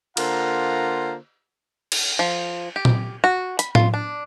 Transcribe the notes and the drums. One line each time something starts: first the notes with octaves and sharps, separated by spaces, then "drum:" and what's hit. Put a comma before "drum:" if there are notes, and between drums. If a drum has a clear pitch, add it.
D3 A#3 F4 C5 F#5 A#5, drum: cymbal
drum: cymbal
F3
G4
drum: tom A#2
F#4
B5, drum: hi-hat
F4, drum: tom A2
D4